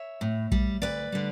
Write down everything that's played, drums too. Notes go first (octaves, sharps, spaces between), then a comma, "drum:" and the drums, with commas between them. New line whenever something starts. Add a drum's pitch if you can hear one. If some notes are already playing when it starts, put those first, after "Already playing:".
Already playing: C#5 E5
A2
G3, drum: kick A#1
D2 B4 D5
D3 G3